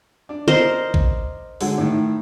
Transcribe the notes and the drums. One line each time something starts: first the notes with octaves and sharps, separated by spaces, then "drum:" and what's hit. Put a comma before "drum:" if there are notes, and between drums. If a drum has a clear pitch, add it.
D4
A#4 C5 D#5
drum: kick A1
D3 F#3 G#3, drum: open hi-hat
A2 D#3